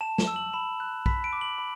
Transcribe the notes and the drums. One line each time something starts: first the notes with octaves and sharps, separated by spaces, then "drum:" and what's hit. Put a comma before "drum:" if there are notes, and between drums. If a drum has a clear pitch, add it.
A5 E7
E7, drum: snare
E6
F#7
B5 E7
F#6
B5 B6, drum: kick
D7
D6
F#7
B5